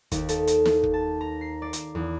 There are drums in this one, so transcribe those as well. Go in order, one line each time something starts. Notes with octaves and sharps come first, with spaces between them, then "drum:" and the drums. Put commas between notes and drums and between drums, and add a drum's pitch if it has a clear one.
D#2, drum: kick, hi-hat
A4, drum: hi-hat
drum: hi-hat
drum: snare
drum: kick
A5
A#5
C7
D5
drum: hi-hat
E2